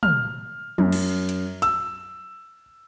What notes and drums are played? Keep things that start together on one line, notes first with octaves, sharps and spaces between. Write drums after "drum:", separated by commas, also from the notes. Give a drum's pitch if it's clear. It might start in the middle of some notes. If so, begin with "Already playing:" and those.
F6, drum: tom
F#2, drum: tom
drum: cymbal
drum: hi-hat
E6, drum: hi-hat